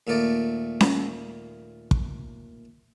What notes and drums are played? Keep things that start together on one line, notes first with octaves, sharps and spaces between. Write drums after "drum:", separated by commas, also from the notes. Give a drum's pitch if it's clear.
D#2 A#2 A3 A#4 D5
drum: snare C#4
drum: kick